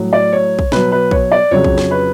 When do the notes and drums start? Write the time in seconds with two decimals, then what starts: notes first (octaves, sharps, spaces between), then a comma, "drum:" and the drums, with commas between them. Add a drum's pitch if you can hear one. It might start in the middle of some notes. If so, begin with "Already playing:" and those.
Already playing: A2 F#3
0.13 D5
0.32 C#5
0.59 drum: kick
0.72 B2 F#3 B4, drum: snare
0.92 B4
1.11 C#5, drum: kick
1.32 D5
1.51 F2 C#3 F#3 C#5
1.64 drum: kick
1.78 drum: snare
1.91 B4